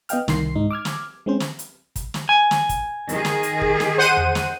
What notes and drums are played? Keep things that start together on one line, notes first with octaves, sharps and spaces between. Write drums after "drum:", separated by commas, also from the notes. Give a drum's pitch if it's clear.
B3 D#5 F5 G5 F6, drum: hi-hat
C2 D#3 C6 C7, drum: snare
G#2 D#4
D6 E6 F6 G#6
drum: snare
G#3 C4 C#4 C5
drum: snare
drum: hi-hat
drum: kick, hi-hat
drum: snare
G#5
drum: snare
drum: kick, hi-hat
D#3 G#4, drum: hi-hat
drum: snare
drum: hi-hat
drum: kick
drum: snare
C5 F#5 D#7
drum: tom E2
drum: snare